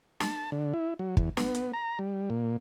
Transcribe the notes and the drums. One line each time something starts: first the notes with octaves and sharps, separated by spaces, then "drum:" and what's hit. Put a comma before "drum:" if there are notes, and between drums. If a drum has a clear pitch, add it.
A5, drum: snare
D3
E4
F#3
E2, drum: kick
B3, drum: snare
drum: hi-hat
A#5
G3
A#2